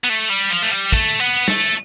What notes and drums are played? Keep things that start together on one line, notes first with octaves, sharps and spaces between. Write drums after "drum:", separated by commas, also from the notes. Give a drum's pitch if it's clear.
B3
A3
G3
F3
A3
G3
A3, drum: kick, hi-hat
B3
A3, drum: snare